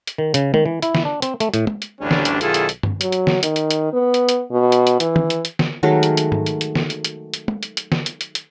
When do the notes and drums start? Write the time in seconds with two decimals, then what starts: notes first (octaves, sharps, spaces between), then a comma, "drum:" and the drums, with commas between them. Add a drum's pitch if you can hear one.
0.07 drum: hi-hat
0.18 D#3
0.34 C#3, drum: hi-hat
0.54 D#3, drum: tom
0.66 E3
0.82 E4, drum: hi-hat
0.95 drum: snare
1.05 D4
1.22 C4, drum: hi-hat
1.40 A3, drum: hi-hat
1.54 A2, drum: hi-hat
1.67 drum: tom
1.82 drum: hi-hat
2.00 A1 D2 G3 C#4 D4
2.11 drum: snare
2.25 drum: hi-hat
2.41 B1 D#3 E4 F4 G#4 A4, drum: hi-hat
2.54 drum: hi-hat
2.69 drum: hi-hat
2.83 drum: tom G2
3.01 F#3, drum: hi-hat
3.12 drum: hi-hat
3.27 drum: snare
3.43 D#3, drum: hi-hat
3.56 drum: hi-hat
3.71 drum: hi-hat
3.93 B3
4.14 drum: hi-hat
4.29 drum: hi-hat
4.52 B2
4.72 drum: hi-hat
4.87 drum: hi-hat
5.00 E3, drum: hi-hat
5.16 drum: tom D#3
5.30 drum: hi-hat
5.45 drum: hi-hat
5.59 drum: snare
5.83 D#3 F#3 G#3 A3
6.03 drum: hi-hat
6.17 drum: hi-hat
6.32 drum: tom G#2
6.46 drum: hi-hat
6.61 drum: hi-hat
6.75 drum: snare
6.90 drum: hi-hat
7.05 drum: hi-hat
7.34 drum: hi-hat
7.48 drum: tom
7.63 drum: hi-hat
7.77 drum: hi-hat
7.92 drum: snare
8.06 drum: hi-hat
8.21 drum: hi-hat
8.35 drum: hi-hat